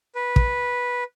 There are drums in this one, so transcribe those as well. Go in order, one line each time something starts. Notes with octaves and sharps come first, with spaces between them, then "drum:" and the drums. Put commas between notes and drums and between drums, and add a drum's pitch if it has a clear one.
B4
drum: kick